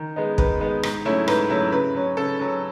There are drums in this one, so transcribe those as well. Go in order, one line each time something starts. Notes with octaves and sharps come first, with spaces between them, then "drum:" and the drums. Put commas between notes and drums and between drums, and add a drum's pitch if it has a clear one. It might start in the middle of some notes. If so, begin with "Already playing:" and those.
Already playing: D#3
G#3 B3 D#4
D#3 B4, drum: kick
G#3 B3 D#4
G#2, drum: rim click
F#3 A3 C#4 E4
G#2 B4, drum: rim click
F#3 A3 C#4 E4
C#3 B4
F#3 C#4
C#3 A4
F#3 C#4